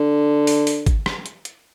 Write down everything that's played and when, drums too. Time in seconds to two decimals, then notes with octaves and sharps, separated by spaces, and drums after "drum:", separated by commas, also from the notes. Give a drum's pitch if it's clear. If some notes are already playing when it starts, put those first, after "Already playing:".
Already playing: D3
0.47 drum: open hi-hat
0.67 drum: open hi-hat
0.86 drum: kick G#1, hi-hat
1.06 drum: rim click
1.26 drum: hi-hat
1.45 drum: hi-hat